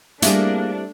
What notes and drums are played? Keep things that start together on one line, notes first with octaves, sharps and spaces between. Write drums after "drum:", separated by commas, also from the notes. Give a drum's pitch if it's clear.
G3 A3 A#3 C4 D4 E4 G#4, drum: hi-hat